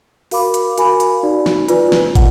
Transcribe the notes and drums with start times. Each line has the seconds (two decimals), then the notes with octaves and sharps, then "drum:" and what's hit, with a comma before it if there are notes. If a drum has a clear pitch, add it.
0.31 F#4 A#4 F5 B5 D6, drum: open hi-hat
0.54 drum: hi-hat
0.78 F#4 A#4 F5 G#5 B5, drum: hi-hat
1.00 drum: hi-hat
1.23 D#4 F#4 D5
1.46 drum: snare
1.69 F4 B4 D5 G#5, drum: hi-hat
1.92 drum: snare
2.15 F#5, drum: kick, hi-hat